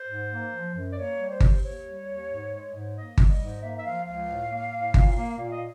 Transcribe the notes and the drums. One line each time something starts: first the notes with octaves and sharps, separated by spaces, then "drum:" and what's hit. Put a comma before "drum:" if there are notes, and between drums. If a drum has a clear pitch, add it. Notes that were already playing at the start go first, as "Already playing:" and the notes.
Already playing: C5
G#2
A#3
F3
F#2
D5
A#3 C#5
G3
C5
D#2, drum: kick G1
D#2 C#5
G3
D#2
G#2
G#3
G#2
A#3 D#5
G3, drum: kick G1
D#5
G#2
A#3 E5
E5
F3 F5
C#2 F5
A2
A#3
A2
A#2, drum: kick G1
A#3
A#2
D#5